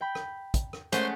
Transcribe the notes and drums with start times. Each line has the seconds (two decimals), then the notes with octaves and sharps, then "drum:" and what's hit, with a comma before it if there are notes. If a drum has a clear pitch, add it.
0.01 G5 B5
0.15 drum: rim click
0.54 drum: kick, hi-hat
0.73 drum: rim click
0.92 G#3 A3 C#4 C5 F#5, drum: hi-hat